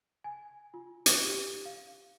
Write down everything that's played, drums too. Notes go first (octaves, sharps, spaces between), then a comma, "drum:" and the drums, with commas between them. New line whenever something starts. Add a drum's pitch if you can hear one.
G#5
F4
drum: hi-hat
G4
F5